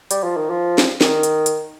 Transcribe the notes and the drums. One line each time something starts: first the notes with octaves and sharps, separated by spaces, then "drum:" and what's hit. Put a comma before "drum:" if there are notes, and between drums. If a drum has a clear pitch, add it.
G3, drum: hi-hat
F3
D#3
F3
drum: snare
D#3, drum: snare
drum: hi-hat
drum: hi-hat